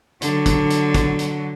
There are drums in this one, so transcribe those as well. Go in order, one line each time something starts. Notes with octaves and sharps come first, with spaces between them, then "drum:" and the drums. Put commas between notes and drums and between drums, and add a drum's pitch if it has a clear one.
D3 F#3, drum: hi-hat
drum: kick, hi-hat
drum: hi-hat
drum: kick, hi-hat
drum: hi-hat